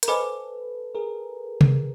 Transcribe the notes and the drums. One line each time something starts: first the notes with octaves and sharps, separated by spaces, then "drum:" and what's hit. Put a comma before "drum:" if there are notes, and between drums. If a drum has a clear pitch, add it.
A#4, drum: hi-hat
A4 B4 C5 D#5 G#5 B5 D6
G#4 A#4
drum: tom C3